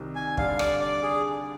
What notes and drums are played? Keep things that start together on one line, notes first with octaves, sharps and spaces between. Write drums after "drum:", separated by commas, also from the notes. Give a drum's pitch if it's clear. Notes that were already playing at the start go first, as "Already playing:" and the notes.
Already playing: C2 C3 D#3
G#5
G2 D3 G3 D4 F5, drum: kick
D5, drum: rim click
D5
G#4